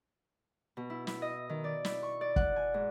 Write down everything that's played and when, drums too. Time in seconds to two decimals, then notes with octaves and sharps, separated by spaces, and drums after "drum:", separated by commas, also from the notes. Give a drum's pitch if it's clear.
0.77 B2
0.90 E4
1.07 E4, drum: snare
1.22 D#5
1.49 D#3
1.64 D5
1.85 E4, drum: snare
2.03 C#6
2.21 D5
2.36 F#5, drum: kick
2.56 G#5
2.74 G#2